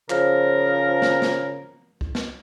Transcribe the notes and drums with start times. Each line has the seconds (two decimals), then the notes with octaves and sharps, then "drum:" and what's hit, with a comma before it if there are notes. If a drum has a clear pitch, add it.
0.10 C#3 F3 A#4, drum: clap
1.02 drum: snare
1.22 drum: snare
2.01 drum: kick
2.15 drum: snare